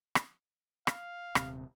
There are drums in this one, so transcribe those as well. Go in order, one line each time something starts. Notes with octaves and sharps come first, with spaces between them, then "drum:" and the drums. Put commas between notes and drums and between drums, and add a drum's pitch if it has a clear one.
drum: rim click
F5, drum: rim click
D#1 C3, drum: rim click